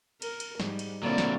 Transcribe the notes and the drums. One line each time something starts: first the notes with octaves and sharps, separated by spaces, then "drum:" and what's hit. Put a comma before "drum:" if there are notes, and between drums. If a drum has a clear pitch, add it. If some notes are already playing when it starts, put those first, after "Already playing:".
A#4, drum: cymbal
drum: cymbal
G#2 G3, drum: snare
drum: cymbal
A#2 D3 F#3 A#3 C4 E4 D5
drum: snare